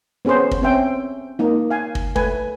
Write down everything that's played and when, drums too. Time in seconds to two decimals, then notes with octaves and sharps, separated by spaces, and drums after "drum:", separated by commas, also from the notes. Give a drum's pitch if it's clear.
0.25 B3 C#4 G#4 B4 C5
0.51 drum: kick
0.62 C4 C#4 C5 E5 G5
1.39 A#3 D#4
1.70 F5 G#5
1.95 drum: kick
2.16 A3 B4 G#5, drum: kick